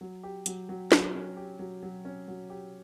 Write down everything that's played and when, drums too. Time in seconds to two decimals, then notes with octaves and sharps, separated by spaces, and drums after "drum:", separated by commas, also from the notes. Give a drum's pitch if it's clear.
0.01 F#3
0.23 G4
0.46 F#3, drum: hi-hat
0.69 F#3
0.92 F#3, drum: snare
1.14 C#4
1.37 G4
1.59 F#3
1.83 F#3
2.05 C#4
2.28 F#3
2.50 G4